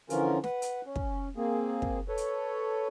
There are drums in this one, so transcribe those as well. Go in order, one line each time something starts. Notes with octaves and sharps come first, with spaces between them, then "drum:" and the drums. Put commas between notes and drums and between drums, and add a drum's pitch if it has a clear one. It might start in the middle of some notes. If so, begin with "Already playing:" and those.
D3 E3 F3 C#4 F4 A#4, drum: hi-hat
B4 F#5, drum: snare
drum: hi-hat
C#4
drum: kick
A#3 C4 G#4
drum: kick
A4 B4 C#5
drum: hi-hat